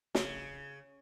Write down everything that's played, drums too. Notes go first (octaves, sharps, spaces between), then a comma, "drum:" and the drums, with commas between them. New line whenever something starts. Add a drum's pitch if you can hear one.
C#3, drum: snare